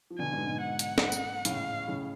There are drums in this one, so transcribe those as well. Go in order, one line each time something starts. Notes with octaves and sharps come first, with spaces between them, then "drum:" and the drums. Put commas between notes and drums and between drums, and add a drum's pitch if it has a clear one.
F3
B2 D3 G#5
G#2 B2
G#2 B2
F#5
drum: hi-hat
drum: snare
drum: tambourine
A2 C#3 F5, drum: hi-hat
A2 C#3